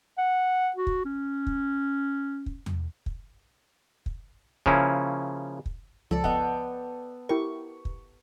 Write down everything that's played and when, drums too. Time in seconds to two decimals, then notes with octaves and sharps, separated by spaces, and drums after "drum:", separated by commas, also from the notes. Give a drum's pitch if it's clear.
0.18 F#5
0.76 F#4
0.87 drum: kick
1.05 C#4
1.47 drum: kick
2.46 drum: kick
2.66 drum: tom E2
3.06 drum: kick
4.06 drum: kick
4.66 C#3 F3 A#3 C#4 E4, drum: kick
5.66 drum: kick
6.11 C#2 F3 A4 D5
6.24 B3 D#5 F#5 G5, drum: kick
7.29 E4 G4 A#4 C#6
7.85 drum: kick